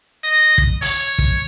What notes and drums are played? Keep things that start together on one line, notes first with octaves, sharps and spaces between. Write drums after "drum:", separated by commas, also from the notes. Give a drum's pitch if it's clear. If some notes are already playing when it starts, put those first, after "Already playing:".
D#5
drum: kick
C#5, drum: hi-hat
drum: kick